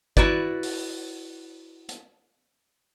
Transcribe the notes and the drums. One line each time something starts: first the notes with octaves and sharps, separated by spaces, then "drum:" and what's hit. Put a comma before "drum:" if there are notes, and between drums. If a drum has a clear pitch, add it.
E4 F#4 B4 D5, drum: kick
drum: open hi-hat
drum: hi-hat